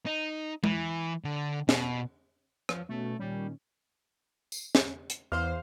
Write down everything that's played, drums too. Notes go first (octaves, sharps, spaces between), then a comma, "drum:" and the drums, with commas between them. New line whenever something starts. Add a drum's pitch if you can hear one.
D#4
E3, drum: tom G#3
D3
B2, drum: snare
F3, drum: rim click
B2 A3 C#4
A#2 D#3 G3 C#4
drum: tambourine
drum: snare
drum: hi-hat
E2 C5 F5